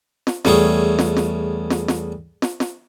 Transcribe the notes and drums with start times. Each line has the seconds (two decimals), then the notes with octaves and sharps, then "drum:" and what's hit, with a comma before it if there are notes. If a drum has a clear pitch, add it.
0.27 drum: snare
0.45 E2 G3 A3 C#4 G#4, drum: snare
0.99 drum: snare
1.17 drum: snare
1.70 drum: snare
1.88 drum: snare
2.42 drum: snare
2.60 drum: snare